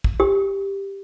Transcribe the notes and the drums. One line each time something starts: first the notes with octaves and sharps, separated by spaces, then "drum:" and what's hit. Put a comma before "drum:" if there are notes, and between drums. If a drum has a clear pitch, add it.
drum: kick
G4